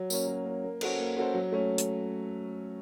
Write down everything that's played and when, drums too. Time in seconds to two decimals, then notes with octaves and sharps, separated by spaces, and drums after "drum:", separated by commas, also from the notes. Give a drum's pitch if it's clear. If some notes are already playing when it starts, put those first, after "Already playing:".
Already playing: F#3
0.10 A#3 C#4, drum: tambourine
0.28 F#3
0.45 A#3 C#4
0.64 A#3
0.81 C#4 F#4 A4 C5, drum: cymbal
0.99 A#3
1.17 C#4 F#4 A4 C5
1.34 F#3
1.52 A3 C#4
1.78 drum: hi-hat